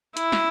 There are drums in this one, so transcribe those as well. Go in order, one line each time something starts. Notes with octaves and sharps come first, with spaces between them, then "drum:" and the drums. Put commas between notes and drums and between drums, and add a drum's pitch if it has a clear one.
E4, drum: hi-hat
drum: snare